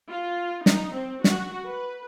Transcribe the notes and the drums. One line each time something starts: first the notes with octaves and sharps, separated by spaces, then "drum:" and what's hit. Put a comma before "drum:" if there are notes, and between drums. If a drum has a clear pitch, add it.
F4
D#4, drum: snare
C4
F#4, drum: snare
B4